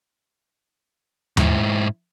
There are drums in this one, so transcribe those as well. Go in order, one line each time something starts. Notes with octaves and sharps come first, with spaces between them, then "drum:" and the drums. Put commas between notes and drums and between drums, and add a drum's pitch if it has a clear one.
G#2 E4, drum: tom D#2